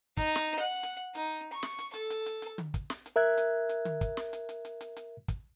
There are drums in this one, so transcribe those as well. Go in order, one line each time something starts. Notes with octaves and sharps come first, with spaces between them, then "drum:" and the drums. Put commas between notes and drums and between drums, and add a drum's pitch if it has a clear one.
D#4, drum: kick, hi-hat
drum: snare
F#5
drum: hi-hat
D#4, drum: hi-hat
C#6
drum: snare
drum: hi-hat
A4, drum: hi-hat
drum: hi-hat
drum: hi-hat
drum: hi-hat
drum: tom D3
drum: kick, hi-hat
drum: snare
drum: hi-hat
A#4 E5 F#6 G#6
drum: hi-hat
drum: hi-hat
drum: tom D3
drum: kick, hi-hat
drum: snare
drum: hi-hat
drum: hi-hat
drum: hi-hat
drum: hi-hat
drum: hi-hat
drum: kick, hi-hat